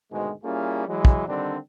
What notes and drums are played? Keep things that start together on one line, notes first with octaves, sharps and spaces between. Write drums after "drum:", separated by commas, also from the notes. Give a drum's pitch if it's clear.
D2 G#2 B2 D#3 G#3
G3 A#3 C#4 E4 F4 G#4
E3 F#3 G#3
drum: kick
D3 D#3 G3 C4 D4